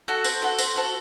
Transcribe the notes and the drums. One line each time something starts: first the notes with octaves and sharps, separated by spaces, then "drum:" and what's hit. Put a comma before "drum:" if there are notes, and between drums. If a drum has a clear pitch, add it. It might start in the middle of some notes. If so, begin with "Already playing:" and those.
F#4 A4
C4, drum: tambourine
F#4 A4
C4, drum: tambourine
F#4 A4